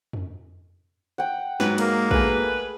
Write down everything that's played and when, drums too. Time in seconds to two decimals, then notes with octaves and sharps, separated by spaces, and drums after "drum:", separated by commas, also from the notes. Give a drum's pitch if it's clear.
0.13 drum: tom F2
1.18 F#5 G5
1.60 G#2 F#3 B4, drum: snare
1.78 G#3 A#3, drum: cymbal
2.11 A3 G#4 B4, drum: kick